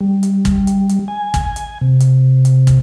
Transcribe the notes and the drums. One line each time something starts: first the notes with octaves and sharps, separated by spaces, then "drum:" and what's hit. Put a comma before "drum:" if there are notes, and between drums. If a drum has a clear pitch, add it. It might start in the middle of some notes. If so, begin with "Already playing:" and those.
G3
drum: hi-hat
drum: kick, hi-hat
drum: hi-hat
drum: hi-hat
G#5
drum: kick, hi-hat
drum: hi-hat
C3
drum: hi-hat
drum: hi-hat
drum: kick, hi-hat